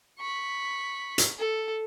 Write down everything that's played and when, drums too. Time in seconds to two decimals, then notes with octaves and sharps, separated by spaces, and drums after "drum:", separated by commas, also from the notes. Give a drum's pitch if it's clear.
0.18 B5 C#6
1.18 drum: hi-hat
1.39 A4